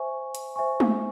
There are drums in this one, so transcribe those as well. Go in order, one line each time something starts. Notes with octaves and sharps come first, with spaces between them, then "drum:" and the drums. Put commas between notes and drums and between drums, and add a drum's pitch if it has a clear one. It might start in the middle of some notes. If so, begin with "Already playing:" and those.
Already playing: C5 E5 G#5 C#6
drum: hi-hat
C5 E5 G#5 C#6
drum: tom G#3